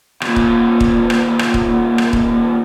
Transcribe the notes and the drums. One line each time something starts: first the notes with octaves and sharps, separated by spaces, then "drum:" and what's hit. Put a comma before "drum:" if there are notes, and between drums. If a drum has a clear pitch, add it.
D#2 A#2, drum: rim click
drum: kick D#1
drum: kick D#1
drum: rim click
drum: rim click
drum: kick D#1
drum: rim click
drum: kick D#1